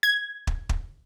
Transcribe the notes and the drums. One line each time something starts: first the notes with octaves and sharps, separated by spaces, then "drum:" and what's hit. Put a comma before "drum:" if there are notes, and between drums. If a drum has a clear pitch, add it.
G#6
drum: kick
drum: kick